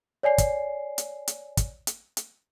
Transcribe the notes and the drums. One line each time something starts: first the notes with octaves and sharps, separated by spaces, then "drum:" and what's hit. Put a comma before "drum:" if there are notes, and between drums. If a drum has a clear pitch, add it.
C#5 D5 G#5 C7
drum: kick, hi-hat
drum: hi-hat
drum: hi-hat
drum: kick, hi-hat
drum: hi-hat
drum: hi-hat